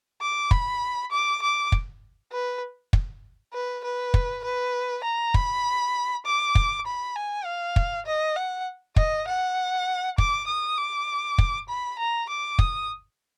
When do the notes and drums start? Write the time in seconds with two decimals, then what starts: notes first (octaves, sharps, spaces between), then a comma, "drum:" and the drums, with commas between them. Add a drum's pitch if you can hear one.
0.21 D6
0.51 B5, drum: kick
1.12 D6
1.42 D6
1.72 drum: kick
2.32 B4
2.93 drum: kick
3.54 B4
3.84 B4
4.14 drum: kick
4.44 B4
5.04 A#5
5.34 B5, drum: kick
6.26 D6
6.55 drum: kick
6.86 B5
7.16 G#5
7.45 F5
7.76 drum: kick
8.06 D#5
8.36 F#5
8.96 D#5, drum: kick
9.28 F#5
10.18 D6, drum: kick
10.47 D#6
10.78 D6
11.38 drum: kick
11.69 B5
11.99 A#5
12.29 D6
12.59 D#6, drum: kick